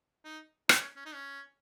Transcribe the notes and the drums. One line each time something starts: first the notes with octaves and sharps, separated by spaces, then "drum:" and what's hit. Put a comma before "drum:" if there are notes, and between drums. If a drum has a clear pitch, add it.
D#4
D#4, drum: rim click
C#4
C#4
D#4
C#4